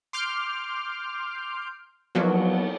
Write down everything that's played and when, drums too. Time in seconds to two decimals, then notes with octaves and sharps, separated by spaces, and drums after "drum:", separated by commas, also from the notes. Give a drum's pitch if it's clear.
0.13 C6 D6 F6 G6
2.15 F3 F#3 A#3 B3 F#4, drum: cymbal